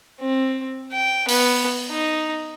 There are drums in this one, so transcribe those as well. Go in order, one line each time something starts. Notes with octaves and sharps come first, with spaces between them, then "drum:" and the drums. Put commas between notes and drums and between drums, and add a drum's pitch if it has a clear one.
C4
G5
B3, drum: open hi-hat
D#4